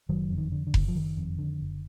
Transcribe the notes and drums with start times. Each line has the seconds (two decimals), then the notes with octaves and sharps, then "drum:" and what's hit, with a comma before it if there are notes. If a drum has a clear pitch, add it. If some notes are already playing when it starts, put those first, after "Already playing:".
0.09 F#1 D#3 F#3
0.30 F2
0.38 D#3
0.52 D3
0.67 D3
0.74 F#1, drum: kick F1
0.88 F3
0.95 F#1 D#3
1.17 F2
1.38 D3
1.60 F#1